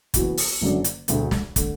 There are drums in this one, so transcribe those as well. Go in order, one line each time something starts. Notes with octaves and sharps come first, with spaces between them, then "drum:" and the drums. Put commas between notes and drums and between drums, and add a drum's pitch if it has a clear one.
F#1 E2 E3 B3 F#4, drum: kick, hi-hat
drum: open hi-hat
F#1 F#2 D3 F#3 D4
drum: hi-hat
E1 D2 D3 A3, drum: hi-hat
drum: snare
D3 A3, drum: kick, hi-hat